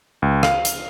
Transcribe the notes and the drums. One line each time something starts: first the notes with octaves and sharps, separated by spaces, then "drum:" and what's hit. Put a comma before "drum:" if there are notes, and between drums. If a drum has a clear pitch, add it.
C#2
F5, drum: rim click
drum: hi-hat